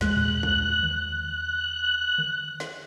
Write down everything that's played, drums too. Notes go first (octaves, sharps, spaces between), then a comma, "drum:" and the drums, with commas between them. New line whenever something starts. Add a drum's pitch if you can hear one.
E2 G#3 F#6, drum: snare
drum: tom A2
drum: kick
drum: tom D3
drum: tom D3
drum: snare